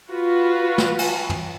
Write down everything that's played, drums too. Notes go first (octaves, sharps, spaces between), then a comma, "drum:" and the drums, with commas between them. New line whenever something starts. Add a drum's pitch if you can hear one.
F4 F#4 B4
drum: snare
drum: cymbal
drum: tom